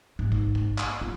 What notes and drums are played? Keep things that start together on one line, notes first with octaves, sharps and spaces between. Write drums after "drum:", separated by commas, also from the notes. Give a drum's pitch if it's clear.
G#2
drum: kick
drum: kick
drum: clap
F4